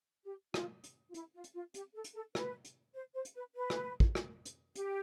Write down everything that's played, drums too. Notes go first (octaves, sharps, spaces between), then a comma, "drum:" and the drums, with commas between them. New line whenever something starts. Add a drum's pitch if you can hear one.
G4
F4, drum: rim click
drum: hi-hat
F4
E4, drum: hi-hat
F4
drum: hi-hat
F4
G4, drum: hi-hat
A4
drum: hi-hat
A4
B4, drum: rim click
drum: hi-hat
C5
C5
drum: hi-hat
B4
B4
drum: rim click
drum: kick
drum: rim click
drum: hi-hat
G4, drum: hi-hat